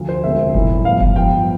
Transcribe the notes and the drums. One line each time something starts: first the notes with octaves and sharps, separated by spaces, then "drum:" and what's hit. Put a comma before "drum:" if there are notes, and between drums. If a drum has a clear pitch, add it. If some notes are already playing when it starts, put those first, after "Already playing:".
Already playing: D2 F3
C5
E1 D2 C3 E5
B1 A2 E3, drum: kick F#1
G2 F3 B3 F5
drum: kick F#1
G2 F3 B3 G5